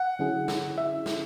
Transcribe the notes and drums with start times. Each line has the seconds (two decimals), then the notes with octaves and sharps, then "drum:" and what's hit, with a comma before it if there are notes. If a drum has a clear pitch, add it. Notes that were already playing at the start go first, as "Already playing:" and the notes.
Already playing: F#5
0.19 D3 F#3 C#4 E4 G#4
0.48 drum: snare
0.78 E5
1.06 drum: snare